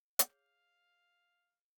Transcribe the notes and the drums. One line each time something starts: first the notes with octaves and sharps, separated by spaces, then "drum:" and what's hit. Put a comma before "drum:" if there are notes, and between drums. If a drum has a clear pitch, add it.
G#4 C#5 F5, drum: hi-hat